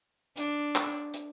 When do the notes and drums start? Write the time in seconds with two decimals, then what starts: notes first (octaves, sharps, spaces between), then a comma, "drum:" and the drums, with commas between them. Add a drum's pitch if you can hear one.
0.37 D4, drum: hi-hat
0.75 drum: clap
1.14 drum: hi-hat